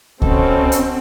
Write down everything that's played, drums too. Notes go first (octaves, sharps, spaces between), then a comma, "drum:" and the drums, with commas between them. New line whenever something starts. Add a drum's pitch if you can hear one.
B2 C4 C#4 A4, drum: kick C#2
drum: hi-hat